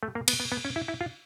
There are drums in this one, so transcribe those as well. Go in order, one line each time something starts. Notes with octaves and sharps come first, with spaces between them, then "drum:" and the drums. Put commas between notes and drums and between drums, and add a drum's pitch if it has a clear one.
A3
A#3
B3, drum: cymbal
B3
B3
C#4
E4
E4
F4